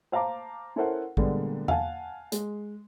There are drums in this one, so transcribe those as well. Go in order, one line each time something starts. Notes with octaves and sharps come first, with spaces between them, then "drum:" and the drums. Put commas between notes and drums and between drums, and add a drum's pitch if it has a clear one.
C5 F5 A5 A#5 D6
C#4 E4 A4 A#4 C5 F#5
A#2 D3 G3 G#3 A#3 B3, drum: kick A1
F5 F#5 G#5 A5, drum: tom E2
G#3, drum: hi-hat